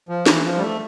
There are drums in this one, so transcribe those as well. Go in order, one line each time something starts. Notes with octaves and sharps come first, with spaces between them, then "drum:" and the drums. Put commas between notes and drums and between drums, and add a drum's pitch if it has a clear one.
F3
E3, drum: snare
F3
G3
A3